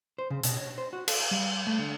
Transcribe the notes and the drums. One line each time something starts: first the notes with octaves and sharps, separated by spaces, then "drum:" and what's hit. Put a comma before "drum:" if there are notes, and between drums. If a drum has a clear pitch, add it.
C5
C#3
B2, drum: hi-hat
C#5
C5
F#4
A4, drum: cymbal
G#5
G3
A3
D3